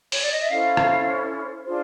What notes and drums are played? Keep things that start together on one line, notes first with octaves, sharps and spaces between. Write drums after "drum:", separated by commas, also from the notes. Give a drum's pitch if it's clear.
C#5, drum: open hi-hat
D5
D#5
E5
C#4 E4 A4 C5 F5
drum: rim click
D4 F4 G#4 C5